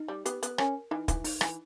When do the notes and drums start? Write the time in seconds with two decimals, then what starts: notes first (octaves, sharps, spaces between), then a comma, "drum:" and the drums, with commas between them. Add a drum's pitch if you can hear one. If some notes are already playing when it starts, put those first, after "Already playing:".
Already playing: D#4
0.08 G3
0.26 B3 G4, drum: hi-hat
0.43 B3, drum: hi-hat
0.58 C#4 A#4, drum: rim click
0.91 E3 D#4
1.08 E3, drum: kick, hi-hat
1.24 D#4, drum: open hi-hat
1.41 E3, drum: rim click